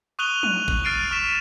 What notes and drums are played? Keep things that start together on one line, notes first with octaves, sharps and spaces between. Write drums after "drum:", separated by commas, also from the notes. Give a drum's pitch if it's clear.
C#6 D#6 F#6 D#7 F7 G7
D#7, drum: tom
drum: kick G#1
F6 A6 C7 D7 D#7
C#6 F6 B6 E7